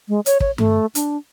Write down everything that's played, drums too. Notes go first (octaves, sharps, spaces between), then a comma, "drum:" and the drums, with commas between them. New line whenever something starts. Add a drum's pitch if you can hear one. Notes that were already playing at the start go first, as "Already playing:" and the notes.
G#3
C#5, drum: hi-hat
C#5, drum: kick
A3, drum: tom G2
D4, drum: hi-hat